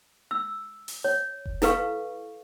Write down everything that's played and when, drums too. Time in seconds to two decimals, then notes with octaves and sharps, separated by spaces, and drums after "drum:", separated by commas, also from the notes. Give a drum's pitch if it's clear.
0.31 E6
0.88 drum: open hi-hat
1.04 C#5
1.46 drum: kick F1
1.62 E4 A4 B4 F5 C#6, drum: snare